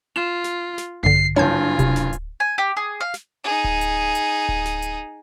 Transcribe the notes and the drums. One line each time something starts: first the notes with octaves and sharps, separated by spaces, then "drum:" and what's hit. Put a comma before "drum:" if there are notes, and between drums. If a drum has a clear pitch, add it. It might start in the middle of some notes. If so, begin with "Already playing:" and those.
F4 E7
drum: snare
drum: snare
A#1 G2 D3 C7
F#1 G2 F4 C#5 G#5 A5 G6
C3, drum: kick D1, hi-hat
drum: snare
drum: hi-hat
G#5
G4
G#4
F5
drum: snare
D#4 G#4
drum: kick D1
drum: hi-hat
drum: hi-hat
drum: kick D1
drum: snare
drum: hi-hat